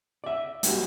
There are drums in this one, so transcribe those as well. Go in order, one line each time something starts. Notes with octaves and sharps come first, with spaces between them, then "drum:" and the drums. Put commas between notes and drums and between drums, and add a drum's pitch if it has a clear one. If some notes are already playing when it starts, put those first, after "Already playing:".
D5 E5
G3 A#3 F#4 G4, drum: hi-hat